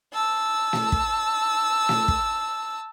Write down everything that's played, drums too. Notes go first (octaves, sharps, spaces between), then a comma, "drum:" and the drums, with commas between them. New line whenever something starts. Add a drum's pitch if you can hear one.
A5 E6
drum: snare
drum: kick
drum: snare
drum: kick